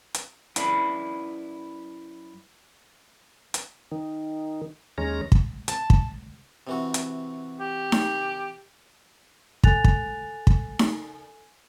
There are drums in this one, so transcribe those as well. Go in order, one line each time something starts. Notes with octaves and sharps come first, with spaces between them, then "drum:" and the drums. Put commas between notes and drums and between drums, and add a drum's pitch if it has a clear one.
drum: hi-hat
F#2 E4 B4 D5 B5, drum: hi-hat
drum: hi-hat
D#3
D#2 G#3 C#4 A#5
drum: kick
A5, drum: hi-hat
drum: kick
C3 E3 F#4
drum: hi-hat
G4
drum: snare D#4
A4 G#5 F#6 A6 F7, drum: kick
drum: kick
drum: kick
drum: snare D#4